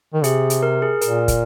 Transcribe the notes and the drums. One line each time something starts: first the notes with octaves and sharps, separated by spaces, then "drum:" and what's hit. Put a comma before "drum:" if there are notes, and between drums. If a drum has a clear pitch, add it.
D#3
C3 G#4, drum: hi-hat
drum: hi-hat
A#4
G#4
A#2 A#4, drum: hi-hat
drum: kick, hi-hat